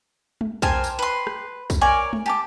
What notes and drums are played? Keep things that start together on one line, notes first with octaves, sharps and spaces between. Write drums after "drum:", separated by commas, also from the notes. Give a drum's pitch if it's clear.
drum: tom G#3
G4 A#4 C5 G#5 A5, drum: kick
drum: tambourine
B4 C6
drum: rim click
drum: kick, tambourine
A#4 C#5 D5 G#5
drum: tom G#3
G4 G#5 A5 D6